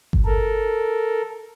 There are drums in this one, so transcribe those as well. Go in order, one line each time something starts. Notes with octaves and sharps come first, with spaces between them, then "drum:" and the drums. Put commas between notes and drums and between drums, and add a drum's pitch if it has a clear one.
drum: kick G1
A4 A#4